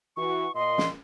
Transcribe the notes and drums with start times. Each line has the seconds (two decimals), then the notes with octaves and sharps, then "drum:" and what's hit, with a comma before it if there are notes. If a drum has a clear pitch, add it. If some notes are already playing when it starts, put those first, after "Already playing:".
0.17 E3 F#4 C#6
0.55 A#2 D#5 C6
0.78 drum: snare